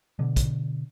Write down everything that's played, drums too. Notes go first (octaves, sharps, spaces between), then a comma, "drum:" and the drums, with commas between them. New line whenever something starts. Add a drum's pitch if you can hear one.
B2 D3
drum: kick, hi-hat